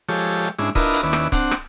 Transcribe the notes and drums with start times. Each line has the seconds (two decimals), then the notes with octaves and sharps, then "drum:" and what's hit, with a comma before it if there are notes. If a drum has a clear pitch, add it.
0.09 F3 G#3 G4 A4 C#5
0.59 G#2 G#3 C#4 D4 E4
0.75 D4 E4 F4 A#4 B4 D#5, drum: kick C#1, open hi-hat
0.94 drum: hi-hat
1.03 D#2 C#4 E4 B4 D5
1.13 drum: rim click
1.32 C4 D4 F#5, drum: kick C#1, hi-hat
1.51 drum: rim click